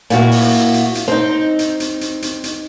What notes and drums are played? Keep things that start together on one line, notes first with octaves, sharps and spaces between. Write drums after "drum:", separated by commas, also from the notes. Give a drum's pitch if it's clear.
A#2 E4 F#4, drum: hi-hat
drum: open hi-hat
drum: hi-hat
drum: hi-hat
drum: hi-hat
C4 D#4
drum: hi-hat
drum: hi-hat
drum: hi-hat
drum: hi-hat
drum: hi-hat